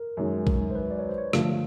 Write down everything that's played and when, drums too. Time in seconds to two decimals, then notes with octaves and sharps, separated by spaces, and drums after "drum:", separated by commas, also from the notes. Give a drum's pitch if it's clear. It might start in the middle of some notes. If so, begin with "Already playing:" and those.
Already playing: A#4
0.17 F#2 D#3 G#3
0.47 drum: kick A#1
0.71 C5
0.75 B4
0.91 D5
0.99 C#5
1.09 C5
1.18 C#5
1.33 G2 D3 F3 A3 F5, drum: rim click